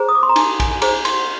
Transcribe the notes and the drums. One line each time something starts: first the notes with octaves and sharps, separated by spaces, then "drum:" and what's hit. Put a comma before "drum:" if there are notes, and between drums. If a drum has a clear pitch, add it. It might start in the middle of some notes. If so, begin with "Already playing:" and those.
Already playing: G#4 C5 A#5
D#6
D6
C6
A#5
D#4 G#5, drum: cymbal
G#5, drum: kick A#1, cymbal
G#5
G#4 C5 A#5, drum: cymbal
C6, drum: cymbal